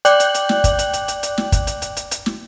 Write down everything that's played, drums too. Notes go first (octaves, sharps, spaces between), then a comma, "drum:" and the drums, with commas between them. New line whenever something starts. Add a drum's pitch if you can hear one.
D5 G5 D6 F#6 G6 F#7, drum: hi-hat
drum: hi-hat
drum: hi-hat
drum: snare
drum: kick, hi-hat
drum: hi-hat
drum: hi-hat
drum: hi-hat
drum: hi-hat
drum: snare
drum: kick, hi-hat
drum: hi-hat
drum: hi-hat
drum: hi-hat
drum: hi-hat
drum: snare